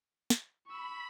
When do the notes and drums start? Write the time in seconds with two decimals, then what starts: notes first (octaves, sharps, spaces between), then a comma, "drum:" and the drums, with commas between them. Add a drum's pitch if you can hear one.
0.30 drum: snare
0.67 B5 C#6 E6